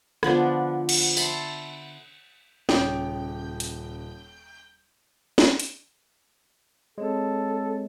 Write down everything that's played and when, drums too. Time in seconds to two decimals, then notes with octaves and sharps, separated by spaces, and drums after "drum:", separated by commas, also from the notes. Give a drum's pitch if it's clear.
0.23 D3 F3 B3 D4, drum: rim click
0.89 drum: cymbal
1.17 E5 A5 B5 C6, drum: tambourine
2.69 D#1 C#3 C#5 G5 D6 D#6, drum: snare
3.60 drum: hi-hat
5.38 drum: snare
5.59 drum: hi-hat
6.98 G#3 C4 A4 C#5